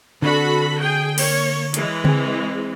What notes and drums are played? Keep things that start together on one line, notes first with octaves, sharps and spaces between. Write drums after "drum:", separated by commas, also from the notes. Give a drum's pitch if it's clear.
D3 C4 D4 F#4 A4 B5
G#4 G5
A#3 C#5, drum: cymbal
E3 G#3, drum: hi-hat
C4 G#4, drum: tom C#3